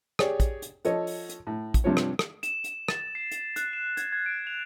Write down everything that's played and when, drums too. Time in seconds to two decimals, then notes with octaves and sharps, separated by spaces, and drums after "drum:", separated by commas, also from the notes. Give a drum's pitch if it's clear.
0.19 G4 G#4 C#5 D5, drum: rim click
0.40 drum: kick, hi-hat
0.62 drum: hi-hat
0.85 F3 A4 C#5 D#5, drum: hi-hat
1.07 drum: open hi-hat
1.29 drum: hi-hat
1.47 A2
1.74 drum: kick, hi-hat
1.84 G2 C3 F3 C#5
1.97 drum: rim click
2.19 drum: rim click
2.43 E7, drum: hi-hat
2.64 drum: hi-hat
2.88 A6, drum: rim click
3.15 C7
3.31 drum: hi-hat
3.56 F#6, drum: hi-hat
3.73 E7
3.97 G#6, drum: hi-hat
4.12 G#6
4.26 D7
4.47 F7